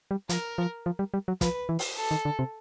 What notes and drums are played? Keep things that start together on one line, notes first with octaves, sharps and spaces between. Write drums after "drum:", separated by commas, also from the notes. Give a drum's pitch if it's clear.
G3
F3 A#4, drum: hi-hat
F3
F3
G3
G3
F#3
F3 B4, drum: kick, hi-hat
E3
drum: open hi-hat
A4
D#3
D3
C3